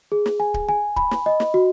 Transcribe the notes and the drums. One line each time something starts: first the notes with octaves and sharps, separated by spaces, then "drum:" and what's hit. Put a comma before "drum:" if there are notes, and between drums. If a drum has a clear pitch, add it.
G#4
drum: snare
G#5
drum: kick D1
G#5
B5, drum: kick D1
drum: snare
D#5
drum: snare
F#4